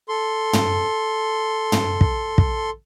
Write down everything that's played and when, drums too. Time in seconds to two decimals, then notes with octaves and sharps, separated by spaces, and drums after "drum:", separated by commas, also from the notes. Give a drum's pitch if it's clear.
0.09 A4 C6
0.53 drum: tom
1.72 drum: tom
2.01 drum: kick
2.38 drum: kick